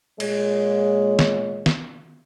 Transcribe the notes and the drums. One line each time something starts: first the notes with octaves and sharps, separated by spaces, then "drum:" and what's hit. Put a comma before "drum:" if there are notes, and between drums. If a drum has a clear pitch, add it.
A#2 G#3 C#5, drum: cymbal
drum: snare
drum: snare